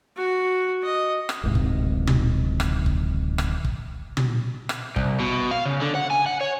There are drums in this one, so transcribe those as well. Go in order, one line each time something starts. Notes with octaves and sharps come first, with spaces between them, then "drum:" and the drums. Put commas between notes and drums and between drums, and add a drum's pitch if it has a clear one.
F#4
D#5
drum: rim click
D1 G#1 G#2 C3
drum: kick
drum: tom
drum: rim click
drum: kick
drum: rim click
drum: kick
drum: tom
drum: rim click
C2, drum: kick
B2
F5
C#3
D3
F#5
G#5
F#5
C#5